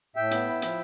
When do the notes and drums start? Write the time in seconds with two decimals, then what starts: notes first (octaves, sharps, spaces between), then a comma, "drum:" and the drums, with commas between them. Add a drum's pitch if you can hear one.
0.16 A2 E5 G5
0.31 B3, drum: hi-hat
0.47 E4
0.62 F3, drum: hi-hat